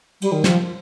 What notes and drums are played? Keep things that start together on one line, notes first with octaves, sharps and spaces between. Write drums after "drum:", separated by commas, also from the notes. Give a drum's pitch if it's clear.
G3, drum: cymbal
D#3
F3, drum: snare